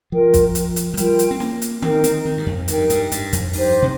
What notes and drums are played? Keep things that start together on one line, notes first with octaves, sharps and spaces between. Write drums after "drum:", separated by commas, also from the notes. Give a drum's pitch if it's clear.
F3 F4 A#4 G5
drum: kick, hi-hat
drum: hi-hat
drum: hi-hat
F3
G3 F4 A#4 G5, drum: hi-hat
drum: hi-hat
C4
A#3, drum: snare
drum: hi-hat
C4 D#4 A#4 G5, drum: tom D#3
C4, drum: hi-hat
D#3
G2
F2
G2 D#4 A#4 G5, drum: hi-hat
G2, drum: hi-hat
G2, drum: hi-hat
F2, drum: hi-hat
G2 D#4 G4 C5, drum: open hi-hat
C3